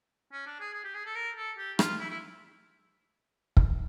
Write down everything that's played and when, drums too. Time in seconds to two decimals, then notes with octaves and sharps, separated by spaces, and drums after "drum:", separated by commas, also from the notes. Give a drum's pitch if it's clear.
0.32 C#4
0.46 D4
0.60 G#4
0.73 G#4
0.84 G4
0.94 G#4
1.06 A4
1.15 A#4
1.37 A4
1.58 G4
1.79 F4, drum: rim click
2.00 E4
2.10 E4
3.57 drum: kick